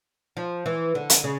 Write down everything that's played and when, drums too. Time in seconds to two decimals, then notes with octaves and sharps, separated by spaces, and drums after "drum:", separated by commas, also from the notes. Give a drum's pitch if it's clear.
0.37 F3
0.66 E3
0.95 D3
1.10 drum: hi-hat
1.24 C#3